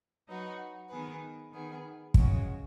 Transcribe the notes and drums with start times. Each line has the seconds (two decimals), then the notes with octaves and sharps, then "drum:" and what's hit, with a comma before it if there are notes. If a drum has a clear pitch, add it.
0.28 F#3 D#4 F#4 B4
0.89 D#3 B3 G#4 B4
1.52 D#3 B3 G#4
2.14 F#2 C#3 G#3 C#4 F#4, drum: kick